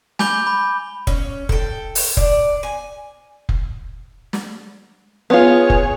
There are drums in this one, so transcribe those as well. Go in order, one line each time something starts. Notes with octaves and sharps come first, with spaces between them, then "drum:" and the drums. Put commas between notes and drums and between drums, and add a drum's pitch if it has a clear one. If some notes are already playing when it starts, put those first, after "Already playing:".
G#5 B5 D6 G6 G7, drum: snare
B5
C#4, drum: kick F1
A4 G5, drum: kick F1
drum: open hi-hat
D4, drum: kick F1
G#5
drum: kick F1
drum: snare
B3 F4 G#4 C#5
drum: kick F1